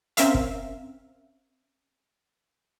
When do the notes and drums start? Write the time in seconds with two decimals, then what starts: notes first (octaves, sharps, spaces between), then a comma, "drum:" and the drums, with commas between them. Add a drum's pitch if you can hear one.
0.17 C4 C#4 A#4 E5 F5, drum: hi-hat
0.34 drum: kick